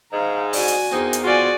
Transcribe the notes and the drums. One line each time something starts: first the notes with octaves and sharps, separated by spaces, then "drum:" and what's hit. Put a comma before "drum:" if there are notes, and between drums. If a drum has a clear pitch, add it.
G#2 F5 A#5
F#4 D5 G#5 A5, drum: open hi-hat
drum: hi-hat
E2 A#3 C4 D#4
drum: hi-hat
F4 F#4 G#4 D5 G#5